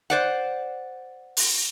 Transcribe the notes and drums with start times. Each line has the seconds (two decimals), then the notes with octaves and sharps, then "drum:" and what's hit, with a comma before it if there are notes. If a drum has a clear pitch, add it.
0.10 C5 D5 F#5
1.37 drum: open hi-hat